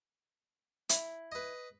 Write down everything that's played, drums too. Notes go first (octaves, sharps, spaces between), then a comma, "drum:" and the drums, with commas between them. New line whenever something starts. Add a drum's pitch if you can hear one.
E4, drum: hi-hat
B4 D#5